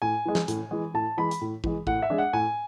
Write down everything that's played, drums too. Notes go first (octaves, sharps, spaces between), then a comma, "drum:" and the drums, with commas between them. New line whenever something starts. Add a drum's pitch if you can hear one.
A2 G#5
E3 G#3
drum: snare
A2, drum: hi-hat
E3 G#3
A2 A5
E3 G#3 B5
drum: hi-hat
A2
E3 G#3, drum: kick
A2 F#5, drum: kick
E5
G#3 D4
F#5
A2 G#5